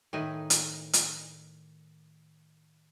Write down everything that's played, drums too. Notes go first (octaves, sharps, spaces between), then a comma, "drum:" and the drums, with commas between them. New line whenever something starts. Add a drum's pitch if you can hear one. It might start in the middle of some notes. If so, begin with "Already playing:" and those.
A2 D#3 D#4 B4 G#5
drum: hi-hat
drum: hi-hat